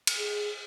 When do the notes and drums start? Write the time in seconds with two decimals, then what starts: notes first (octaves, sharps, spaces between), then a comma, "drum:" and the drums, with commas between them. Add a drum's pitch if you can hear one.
0.07 drum: cymbal
0.18 G#4